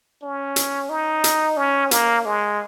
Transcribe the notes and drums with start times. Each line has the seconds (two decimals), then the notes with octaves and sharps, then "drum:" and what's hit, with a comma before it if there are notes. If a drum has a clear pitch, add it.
0.22 C#4
0.56 drum: hi-hat
0.90 D#4
1.24 drum: hi-hat
1.57 C#4
1.91 A#3, drum: hi-hat
2.25 G#3